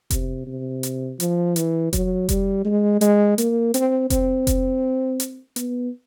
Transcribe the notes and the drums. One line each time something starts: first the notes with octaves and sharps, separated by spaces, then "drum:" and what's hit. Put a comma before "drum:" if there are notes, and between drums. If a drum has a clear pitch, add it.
C3, drum: kick F1, hi-hat
C3
drum: hi-hat
F3, drum: hi-hat
E3, drum: hi-hat
F#3, drum: kick F1, hi-hat
G3, drum: kick F1, hi-hat
G#3
G#3, drum: hi-hat
A#3, drum: hi-hat
C4, drum: hi-hat
C4, drum: kick F1, hi-hat
drum: kick F1, hi-hat
drum: hi-hat
B3, drum: hi-hat